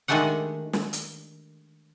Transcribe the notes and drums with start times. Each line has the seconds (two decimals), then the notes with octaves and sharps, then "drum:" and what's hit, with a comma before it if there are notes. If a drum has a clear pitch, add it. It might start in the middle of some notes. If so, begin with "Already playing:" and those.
0.08 D#3 G#3 A3 D4 G4 F#5
0.73 drum: snare
0.93 drum: hi-hat